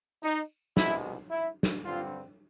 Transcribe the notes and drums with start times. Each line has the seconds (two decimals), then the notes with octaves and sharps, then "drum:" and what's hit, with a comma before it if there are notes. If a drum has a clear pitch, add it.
0.23 D#4, drum: tambourine
0.77 C2 B2 G#3 E4, drum: snare
1.30 E4
1.63 drum: snare
1.84 G2 D3 G3 C4 F4